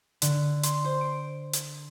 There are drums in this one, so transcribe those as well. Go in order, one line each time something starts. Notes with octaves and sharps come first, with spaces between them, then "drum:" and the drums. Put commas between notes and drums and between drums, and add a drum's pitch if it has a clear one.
D3, drum: hi-hat
C6, drum: hi-hat
C5
D7
drum: hi-hat